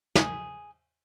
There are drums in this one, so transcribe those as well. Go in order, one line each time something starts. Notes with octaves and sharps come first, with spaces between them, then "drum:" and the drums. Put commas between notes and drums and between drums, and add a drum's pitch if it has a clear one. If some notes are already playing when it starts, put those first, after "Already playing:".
G#4, drum: snare